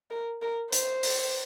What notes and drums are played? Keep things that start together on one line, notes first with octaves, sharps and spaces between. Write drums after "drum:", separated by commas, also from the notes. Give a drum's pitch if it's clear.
A#4
A#4
C5, drum: hi-hat
drum: open hi-hat